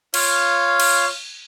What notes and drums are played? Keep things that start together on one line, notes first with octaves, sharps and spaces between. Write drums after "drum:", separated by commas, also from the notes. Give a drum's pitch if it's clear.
F4 C#5 F5, drum: cymbal
drum: cymbal